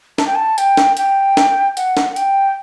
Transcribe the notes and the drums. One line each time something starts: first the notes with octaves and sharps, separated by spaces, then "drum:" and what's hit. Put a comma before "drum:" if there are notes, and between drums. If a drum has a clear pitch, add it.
A5, drum: snare
G5
A5
G5, drum: hi-hat
drum: snare
G5, drum: hi-hat
drum: snare
F#5, drum: hi-hat
drum: snare
F#5
G5, drum: hi-hat